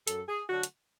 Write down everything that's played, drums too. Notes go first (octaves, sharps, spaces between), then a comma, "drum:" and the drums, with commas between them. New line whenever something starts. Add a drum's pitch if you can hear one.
F#2 A4, drum: hi-hat
G#4
D3 F#3 A3 F#4
drum: hi-hat